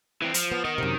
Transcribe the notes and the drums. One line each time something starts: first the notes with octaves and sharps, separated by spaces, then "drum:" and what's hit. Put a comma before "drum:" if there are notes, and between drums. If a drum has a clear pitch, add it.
E3 C4
F3, drum: hi-hat
B3
D#3 D#5
F#2 C3